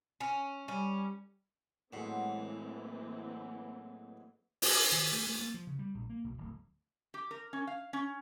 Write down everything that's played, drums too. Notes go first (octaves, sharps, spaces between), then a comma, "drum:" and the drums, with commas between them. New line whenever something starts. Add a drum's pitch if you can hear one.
C#4
G3 C#4
A2 E3 F#3 G#3 A#3 C4 F#5
drum: open hi-hat
D#3
A3
A3
A#3
F3
C#3
G3
A#1
A#3
B1
D1
G4
A#4
C#4
F5
C#4